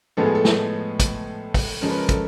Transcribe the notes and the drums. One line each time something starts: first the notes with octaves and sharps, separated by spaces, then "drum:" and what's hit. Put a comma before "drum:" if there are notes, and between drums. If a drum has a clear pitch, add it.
A2 F3 G#3 B3 A4
G#4
A4
drum: snare
drum: kick, hi-hat
drum: kick, open hi-hat
C#3 F3 G#3 C#4 A#4
B4
A#4
A4, drum: kick, hi-hat